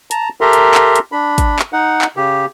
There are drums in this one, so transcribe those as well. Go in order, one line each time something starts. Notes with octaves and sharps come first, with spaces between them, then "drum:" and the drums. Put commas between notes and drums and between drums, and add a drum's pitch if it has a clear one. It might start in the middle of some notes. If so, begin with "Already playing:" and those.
A5 A#5, drum: hi-hat
G4 A4 A#4 E5 A#5 C6
drum: hi-hat
drum: clap
drum: hi-hat
D4 B5
drum: kick, hi-hat
drum: clap
D#4 F#5
drum: clap
C#3 G4